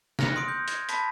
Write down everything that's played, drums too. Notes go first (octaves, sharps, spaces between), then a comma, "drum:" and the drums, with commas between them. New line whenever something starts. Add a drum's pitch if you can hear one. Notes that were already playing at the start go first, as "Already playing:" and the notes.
F6 F#6 A#6 C#7 F7, drum: snare
C6 D#6 D7
G6
G#6, drum: hi-hat
A5 B5 B6, drum: hi-hat